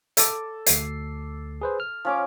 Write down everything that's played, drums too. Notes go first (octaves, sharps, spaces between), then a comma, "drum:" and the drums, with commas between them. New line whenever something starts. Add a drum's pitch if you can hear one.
A4 D6, drum: hi-hat
D2 C7, drum: hi-hat
G#4 B4 C5
F6
F3 C#4 D6